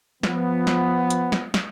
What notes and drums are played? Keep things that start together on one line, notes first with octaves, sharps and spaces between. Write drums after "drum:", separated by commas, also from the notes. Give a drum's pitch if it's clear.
F3 B3, drum: snare
drum: snare
drum: hi-hat
drum: snare
drum: snare